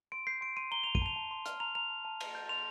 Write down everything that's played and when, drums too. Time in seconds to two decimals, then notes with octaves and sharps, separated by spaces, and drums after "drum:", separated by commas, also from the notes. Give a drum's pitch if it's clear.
0.12 C6 D7
0.27 G6 C7
0.41 C6 D7
0.57 C6 D#7
0.71 A#5 G7
0.84 A#5 F7
0.95 D#7, drum: kick
1.02 A5 F7
1.16 A5
1.31 C6
1.46 F6, drum: hi-hat
1.60 A#5 F7
1.75 A#5 F7
1.90 A5
2.05 A5
2.20 C6, drum: cymbal
2.35 G6
2.49 C6 F7